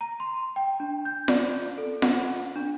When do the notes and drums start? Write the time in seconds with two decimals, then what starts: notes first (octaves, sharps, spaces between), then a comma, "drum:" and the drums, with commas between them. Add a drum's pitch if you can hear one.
0.01 A#5
0.20 C6
0.56 G5
0.80 D4
1.05 G6
1.28 D5, drum: snare F4
1.78 A4
2.02 F#5, drum: snare F4
2.56 D4